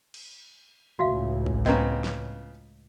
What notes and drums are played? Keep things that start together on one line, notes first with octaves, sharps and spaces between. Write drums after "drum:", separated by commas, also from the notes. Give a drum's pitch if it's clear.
drum: cymbal
C#2 A2 F#4 E5 F5, drum: tom
drum: kick
C#3 B3 C4 D#5 A#5, drum: snare
drum: snare